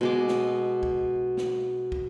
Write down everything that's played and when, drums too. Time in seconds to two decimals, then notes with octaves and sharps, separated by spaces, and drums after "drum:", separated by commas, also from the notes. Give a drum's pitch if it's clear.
0.01 B2 G#3 D6
0.28 drum: snare
0.83 drum: kick
1.37 drum: snare
1.92 drum: kick